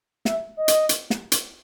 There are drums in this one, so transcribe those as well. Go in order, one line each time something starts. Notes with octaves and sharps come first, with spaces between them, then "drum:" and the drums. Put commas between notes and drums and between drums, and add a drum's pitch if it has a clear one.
E5, drum: snare
D#5
drum: hi-hat
drum: hi-hat
drum: snare
drum: hi-hat